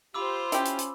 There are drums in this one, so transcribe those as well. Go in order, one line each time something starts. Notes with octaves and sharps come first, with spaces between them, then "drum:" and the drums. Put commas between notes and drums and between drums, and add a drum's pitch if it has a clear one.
F4 G4 C5 B5 D6 E6
C#4 E4 G4, drum: hi-hat
drum: hi-hat
drum: hi-hat